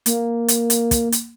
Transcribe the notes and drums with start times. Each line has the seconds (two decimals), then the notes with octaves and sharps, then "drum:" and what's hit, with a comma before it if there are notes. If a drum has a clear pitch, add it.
0.06 A#3, drum: hi-hat
0.48 drum: hi-hat
0.70 drum: hi-hat
0.91 drum: kick, hi-hat
1.12 drum: hi-hat